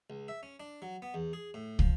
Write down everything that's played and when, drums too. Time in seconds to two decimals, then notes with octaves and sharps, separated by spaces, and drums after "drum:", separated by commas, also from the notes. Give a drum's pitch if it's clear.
0.10 C#2
0.28 E5
0.43 C#4
0.60 D4
0.82 F#3
1.02 B3
1.14 E2
1.33 G#4
1.54 A2
1.79 F3, drum: kick